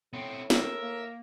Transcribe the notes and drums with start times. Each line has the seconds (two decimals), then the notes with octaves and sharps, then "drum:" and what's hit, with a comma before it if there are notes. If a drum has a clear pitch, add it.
0.14 A2 B3 C4
0.50 A#4 E5, drum: snare
0.82 A#3